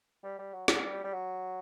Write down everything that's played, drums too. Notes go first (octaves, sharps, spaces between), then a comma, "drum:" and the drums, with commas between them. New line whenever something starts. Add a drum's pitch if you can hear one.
G3
G3
F#3
F#3, drum: snare
G3
G3
F#3